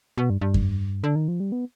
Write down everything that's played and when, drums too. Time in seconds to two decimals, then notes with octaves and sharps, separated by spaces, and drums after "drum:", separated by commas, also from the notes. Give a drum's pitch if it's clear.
0.18 B2
0.30 G2
0.41 G2
0.54 drum: kick F2
1.04 D3
1.16 D#3
1.28 F3
1.40 G3
1.52 B3